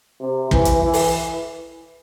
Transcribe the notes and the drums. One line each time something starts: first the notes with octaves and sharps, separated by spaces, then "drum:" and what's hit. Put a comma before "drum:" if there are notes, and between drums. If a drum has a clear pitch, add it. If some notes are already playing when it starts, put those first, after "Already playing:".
C3
E3, drum: kick
drum: hi-hat
E3
drum: open hi-hat